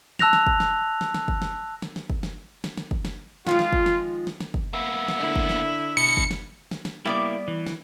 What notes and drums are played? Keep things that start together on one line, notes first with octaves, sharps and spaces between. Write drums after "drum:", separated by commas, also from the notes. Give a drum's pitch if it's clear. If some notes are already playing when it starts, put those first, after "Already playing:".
A5 E6 F#6 A#6 F7, drum: snare
drum: snare
drum: kick
drum: snare
drum: snare
drum: snare
drum: kick
drum: snare
drum: snare
drum: snare
drum: kick
drum: snare
drum: snare
drum: snare
drum: kick
drum: snare
D#3 F3 G#3 F4, drum: snare
drum: snare
drum: kick
drum: snare
drum: snare
drum: snare
drum: kick
A#3 B3 E5
drum: snare
D3 E4
drum: kick
drum: snare
B2 C#7
drum: kick
drum: snare
drum: snare
drum: snare
G3 A#3 B3 E4 D5
E3
drum: snare